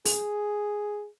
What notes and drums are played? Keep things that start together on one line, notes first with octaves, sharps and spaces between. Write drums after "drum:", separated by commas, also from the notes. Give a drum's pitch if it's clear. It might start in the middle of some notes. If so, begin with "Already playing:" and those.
G#4, drum: open hi-hat